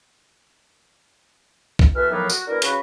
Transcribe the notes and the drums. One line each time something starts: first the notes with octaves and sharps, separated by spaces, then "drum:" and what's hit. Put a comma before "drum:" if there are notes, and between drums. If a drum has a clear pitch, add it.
drum: kick
B2 E3 A4 B4 E5 F6
A2 D#3 F3 F#3 A#3 B3
F#4, drum: tambourine
B2 D4 E4 A#4
C#3 F#4 B4, drum: hi-hat